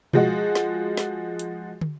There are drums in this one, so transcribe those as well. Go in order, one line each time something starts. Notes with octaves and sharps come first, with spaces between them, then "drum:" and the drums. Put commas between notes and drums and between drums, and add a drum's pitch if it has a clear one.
F3 G#3 F#4, drum: tom B2
drum: snare
drum: snare
drum: hi-hat
drum: tom